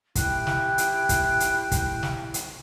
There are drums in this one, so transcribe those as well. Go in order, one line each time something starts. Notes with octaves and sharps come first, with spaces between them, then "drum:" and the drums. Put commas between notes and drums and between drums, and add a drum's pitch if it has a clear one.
E4 G4 G5 F#6, drum: kick, hi-hat
drum: snare
drum: hi-hat
drum: kick, hi-hat
drum: hi-hat
drum: kick, hi-hat
drum: snare
drum: hi-hat